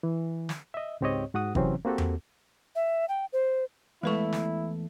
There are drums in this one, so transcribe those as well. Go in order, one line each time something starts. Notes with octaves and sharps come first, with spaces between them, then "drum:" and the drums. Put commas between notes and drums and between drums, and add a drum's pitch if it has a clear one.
E3
drum: snare
D#5 E5
C#2 G#2 C4 G4 C#5 D#5
G#2 F#4 F#5 D#6
C3 E3 F#3 C4 C#4, drum: kick
A#3 C4 F#4 G4 A4
drum: tom E2
E5
G5
C5
E2 G#3 A3 E4 B4 C#6
drum: snare